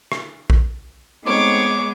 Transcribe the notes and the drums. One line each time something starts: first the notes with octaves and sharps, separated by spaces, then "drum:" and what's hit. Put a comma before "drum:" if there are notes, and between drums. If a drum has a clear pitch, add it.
drum: rim click
drum: kick A#1
G#3 A3 B3 C4 D#4 C#5 D6